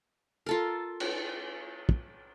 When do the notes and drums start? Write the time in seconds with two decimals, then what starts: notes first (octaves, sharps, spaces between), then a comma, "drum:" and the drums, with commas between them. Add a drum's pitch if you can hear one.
0.46 F4 A4 A#4
1.00 drum: cymbal
1.89 drum: kick